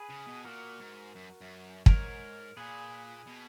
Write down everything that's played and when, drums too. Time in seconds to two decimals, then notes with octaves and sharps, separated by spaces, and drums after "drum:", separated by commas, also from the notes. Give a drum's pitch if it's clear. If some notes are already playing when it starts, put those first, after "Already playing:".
Already playing: G#4 B4
0.09 C#3
0.27 B2
0.45 A#2 F#4 A#4
0.80 G#2
1.15 F#2
1.41 F#2
1.86 G#2 A#4 C#5, drum: kick
2.57 A#2 G#4 B4
3.27 B2